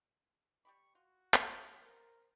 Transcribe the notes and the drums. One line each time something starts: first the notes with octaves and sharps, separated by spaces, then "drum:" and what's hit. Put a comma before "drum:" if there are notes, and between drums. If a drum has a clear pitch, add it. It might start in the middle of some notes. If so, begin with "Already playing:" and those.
G3 G4 B5 C#6
F4 F#4
drum: clap
A3 G4 A4
A#4 C5